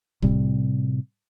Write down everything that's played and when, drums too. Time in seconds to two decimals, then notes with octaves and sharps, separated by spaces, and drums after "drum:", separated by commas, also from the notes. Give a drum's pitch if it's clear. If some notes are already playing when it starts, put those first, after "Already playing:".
0.22 A2 C3 G3 C4, drum: kick